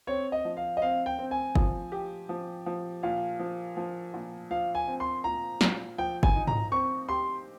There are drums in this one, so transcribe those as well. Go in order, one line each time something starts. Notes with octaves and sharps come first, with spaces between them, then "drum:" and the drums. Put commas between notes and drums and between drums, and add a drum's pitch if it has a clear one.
C4 C#5
D#5
F3
F5
D#5
C4 F5
G5
C4
G#5
F3, drum: kick G1
G4
F3
F3
A#2 F5
F3
F3
A#2
F3 F5
G#5
C4
C6
A#2 A#5
A#2, drum: snare
F3 G5
G#5, drum: kick G1
D#4
A#5, drum: tom G#2
C4 C#6
G4 C6